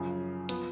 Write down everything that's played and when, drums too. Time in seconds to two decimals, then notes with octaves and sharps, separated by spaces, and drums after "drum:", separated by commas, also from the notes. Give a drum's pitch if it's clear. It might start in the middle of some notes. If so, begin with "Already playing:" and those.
Already playing: F#2 C#3 F3
0.49 F3 B3, drum: hi-hat